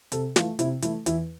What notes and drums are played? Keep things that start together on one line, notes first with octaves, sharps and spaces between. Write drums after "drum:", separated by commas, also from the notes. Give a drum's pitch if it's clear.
C3 A4, drum: hi-hat
E3 A3 F4, drum: snare
C3 E4, drum: hi-hat
E3 A3 E4, drum: hi-hat
E2 E4, drum: hi-hat